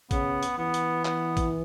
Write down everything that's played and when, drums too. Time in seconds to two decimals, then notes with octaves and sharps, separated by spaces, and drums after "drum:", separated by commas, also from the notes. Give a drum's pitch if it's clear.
0.11 C#3 B3, drum: kick, hi-hat
0.43 drum: hi-hat
0.58 E3 B3
0.74 drum: hi-hat
1.05 B3, drum: clap
1.37 drum: kick, hi-hat